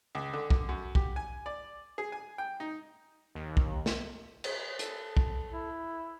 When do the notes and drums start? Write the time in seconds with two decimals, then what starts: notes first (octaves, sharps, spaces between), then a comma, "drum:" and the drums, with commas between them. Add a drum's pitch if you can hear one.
0.15 C#2
0.33 D3
0.50 drum: kick
0.69 F#2
0.95 G4, drum: kick
1.16 G#5
1.46 D5
1.98 G#4
2.12 G#5
2.38 G5
2.60 D#4
3.35 D#2
3.57 drum: kick
3.86 drum: snare
4.44 drum: cymbal
4.79 A4, drum: hi-hat
5.17 drum: kick
5.53 E4